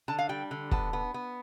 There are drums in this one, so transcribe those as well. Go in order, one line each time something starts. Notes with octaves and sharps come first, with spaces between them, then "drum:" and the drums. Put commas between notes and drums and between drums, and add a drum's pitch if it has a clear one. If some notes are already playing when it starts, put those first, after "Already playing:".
D3 A5
F5
G3 G5
D3
B3 A5, drum: kick
B3
B3